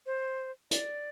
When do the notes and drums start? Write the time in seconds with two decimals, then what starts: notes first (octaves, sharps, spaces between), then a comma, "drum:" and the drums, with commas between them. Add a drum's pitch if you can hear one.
0.06 C5
0.71 D5, drum: hi-hat